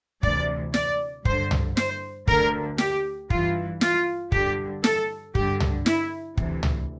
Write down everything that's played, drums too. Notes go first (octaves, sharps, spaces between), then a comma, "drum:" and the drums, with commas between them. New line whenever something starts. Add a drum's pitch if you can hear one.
D2 C3 E3 D5, drum: kick
D5, drum: snare
G2 D3 C5, drum: kick
drum: tom
C5, drum: snare
D2 D3 A#4, drum: kick
G4, drum: snare
G2 E3 F4, drum: kick
F4, drum: snare
G2 D3 G4, drum: kick
A4, drum: snare
G2 D3 G4, drum: kick
drum: tom
E4, drum: snare
D2 C3 E3, drum: kick
drum: tom